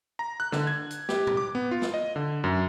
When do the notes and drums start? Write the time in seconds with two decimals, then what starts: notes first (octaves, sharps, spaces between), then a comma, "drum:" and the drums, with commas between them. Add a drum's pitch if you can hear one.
0.19 A#5
0.40 F#6
0.52 D3, drum: snare
0.67 G#6
0.90 drum: hi-hat
1.09 G4, drum: snare
1.27 drum: tom A2
1.37 D6
1.55 B3
1.71 F4
1.82 drum: snare
1.94 D#5
2.16 D3
2.44 F#2